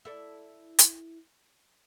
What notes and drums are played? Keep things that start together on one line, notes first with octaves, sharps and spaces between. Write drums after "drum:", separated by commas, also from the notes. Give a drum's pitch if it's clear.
E4 A4 D5
drum: hi-hat